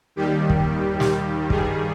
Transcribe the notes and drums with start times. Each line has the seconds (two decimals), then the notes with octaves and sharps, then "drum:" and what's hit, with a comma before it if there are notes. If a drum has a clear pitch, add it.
0.16 D#2 D#3 G3 G4
0.50 drum: kick
1.00 drum: snare
1.50 G2 D#3 G3 G#4, drum: kick